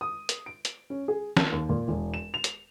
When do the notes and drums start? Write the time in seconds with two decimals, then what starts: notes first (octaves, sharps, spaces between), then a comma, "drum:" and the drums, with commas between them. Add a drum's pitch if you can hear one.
0.01 D#6
0.29 drum: hi-hat
0.46 D7
0.65 drum: hi-hat
0.90 C#4
1.08 G#4
1.37 A5, drum: snare
1.52 D#2
1.69 A#2
1.88 E1
2.14 E7
2.34 F7
2.44 drum: hi-hat